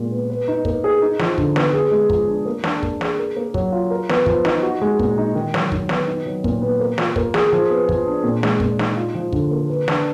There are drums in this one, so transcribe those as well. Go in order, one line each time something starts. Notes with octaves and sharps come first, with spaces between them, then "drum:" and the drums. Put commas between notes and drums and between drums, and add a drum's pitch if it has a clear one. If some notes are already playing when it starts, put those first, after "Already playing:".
Already playing: A#2 G#3 F4
B3
B4
D#4
A#3, drum: kick
G#4
D#4
F3, drum: snare
D3, drum: kick
B3, drum: snare
G#4
G#3
F3, drum: kick
D4
A#3
D4, drum: snare
A#3, drum: kick
G#4, drum: snare
A#4
A#3
F#3, drum: kick
F4
A#4
B3, drum: snare
F3, drum: kick
D#4, drum: snare
F#4
G#3
A#2, drum: kick
D#4
D#3
F#3, drum: snare
D#3, drum: kick
B3, drum: snare
D#4
F#3
A#2, drum: kick
B3
A#3
F4, drum: snare
A#3, drum: kick
G#4, drum: snare
F3
B3
F3, drum: kick
D4
A#2
G#3, drum: snare
A#2, drum: kick
D#4, drum: snare
F4
F3
D3, drum: kick
A#3
B4
D4, drum: snare